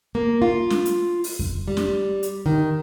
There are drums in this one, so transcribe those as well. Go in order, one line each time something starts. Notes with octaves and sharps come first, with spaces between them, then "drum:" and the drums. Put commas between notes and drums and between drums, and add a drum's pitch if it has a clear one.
A#3
F4
drum: snare
drum: hi-hat
drum: open hi-hat
drum: kick F2
G3
drum: snare
drum: hi-hat
D#3